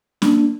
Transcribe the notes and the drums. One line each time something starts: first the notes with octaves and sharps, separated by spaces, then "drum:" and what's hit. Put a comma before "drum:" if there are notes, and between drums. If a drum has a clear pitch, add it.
A#3 D4, drum: snare C#4